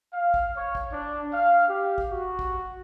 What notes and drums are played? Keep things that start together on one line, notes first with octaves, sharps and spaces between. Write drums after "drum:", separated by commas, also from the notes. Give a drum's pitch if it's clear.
F5
drum: kick A1
C#5
drum: kick A1
D4
F5
G4
drum: kick A1
F#4
drum: kick A1